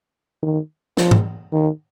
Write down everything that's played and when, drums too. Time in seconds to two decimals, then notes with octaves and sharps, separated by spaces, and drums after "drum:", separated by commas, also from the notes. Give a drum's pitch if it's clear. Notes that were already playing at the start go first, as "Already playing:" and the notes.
0.43 D#3
0.97 F3, drum: snare
1.11 drum: tom G#2
1.52 D#3